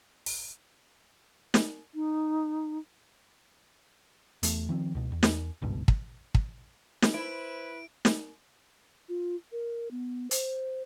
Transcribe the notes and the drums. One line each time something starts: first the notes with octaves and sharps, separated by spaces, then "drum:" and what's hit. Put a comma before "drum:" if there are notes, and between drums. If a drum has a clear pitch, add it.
drum: open hi-hat
drum: snare
D#4
E2 A3, drum: hi-hat
D#3 F3 C4
C#2 B2
E2
drum: snare
G#1 C#2 G2 B2
drum: kick
drum: kick
drum: snare
E4 B4 C5 D7
drum: snare
F4
A#4
B3
C5, drum: hi-hat